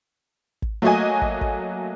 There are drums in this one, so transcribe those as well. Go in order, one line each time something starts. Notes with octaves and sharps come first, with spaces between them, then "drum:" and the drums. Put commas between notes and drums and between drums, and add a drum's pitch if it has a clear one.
drum: kick
F#3 A3 A#3 F#4 D#5 G#5
drum: kick
drum: kick